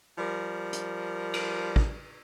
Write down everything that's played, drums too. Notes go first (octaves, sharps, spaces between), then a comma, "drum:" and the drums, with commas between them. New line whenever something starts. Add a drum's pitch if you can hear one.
F3 G3 A#4
drum: hi-hat
drum: cymbal
drum: kick